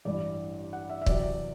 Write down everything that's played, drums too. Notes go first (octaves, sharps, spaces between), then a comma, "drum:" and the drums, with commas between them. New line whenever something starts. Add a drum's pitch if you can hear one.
A1 G2 E3 D5
F#5
E5
E5
E2 C3 F#3 D5, drum: kick